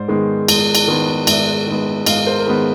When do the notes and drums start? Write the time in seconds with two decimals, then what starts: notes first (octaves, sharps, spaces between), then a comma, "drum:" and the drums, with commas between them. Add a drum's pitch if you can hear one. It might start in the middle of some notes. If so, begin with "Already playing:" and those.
Already playing: G#2 C5 D5
0.08 D#3 G#3 B3
0.48 G#2, drum: cymbal
0.75 drum: cymbal
0.88 D#3 G#3 B3
1.27 G#2 D5 E5, drum: cymbal
1.67 D#3 G#3 B3
2.06 G#2 D#5 F5, drum: cymbal
2.27 A#4 C5
2.39 A#4
2.47 D#3 G#3 B3 B4